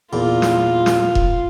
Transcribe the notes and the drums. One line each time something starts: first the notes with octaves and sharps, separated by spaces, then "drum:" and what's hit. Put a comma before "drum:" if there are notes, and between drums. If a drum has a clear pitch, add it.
E2 A#2 F4
drum: snare
drum: snare
drum: kick E1